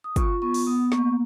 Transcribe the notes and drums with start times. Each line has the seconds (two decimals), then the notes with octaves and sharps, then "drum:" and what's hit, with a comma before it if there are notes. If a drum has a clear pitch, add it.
0.04 D#6
0.16 F4 C#6, drum: kick, hi-hat
0.42 B3 C#6
0.54 drum: open hi-hat
0.67 B3 D#6
0.92 A#3 C#6, drum: snare